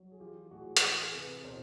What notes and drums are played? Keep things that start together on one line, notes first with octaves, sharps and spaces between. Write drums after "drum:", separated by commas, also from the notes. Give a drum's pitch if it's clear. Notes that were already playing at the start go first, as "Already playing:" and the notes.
Already playing: F#3
G#4
E3 F4 G4
A2 F#4 G#4
A4, drum: hi-hat
E3 G#4 A#4
C3 A4 B4
B2 A#4 C5